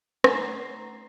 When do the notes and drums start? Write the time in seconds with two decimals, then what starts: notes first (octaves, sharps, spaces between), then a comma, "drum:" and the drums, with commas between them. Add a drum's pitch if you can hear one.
0.24 A3 C#4 C5 A#5 C7, drum: rim click